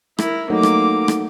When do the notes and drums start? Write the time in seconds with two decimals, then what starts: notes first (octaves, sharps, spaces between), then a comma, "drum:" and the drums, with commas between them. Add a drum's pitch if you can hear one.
0.18 E4 A#4, drum: rim click
0.50 F#3 A3 A#3 D#4 D6
0.63 drum: rim click
1.08 drum: rim click